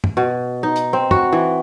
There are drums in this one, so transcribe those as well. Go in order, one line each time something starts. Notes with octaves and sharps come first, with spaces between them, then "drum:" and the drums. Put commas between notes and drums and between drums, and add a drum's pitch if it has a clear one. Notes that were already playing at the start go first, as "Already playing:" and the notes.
drum: tom
B2
D#4
drum: hi-hat
C4
F#4, drum: tom
E3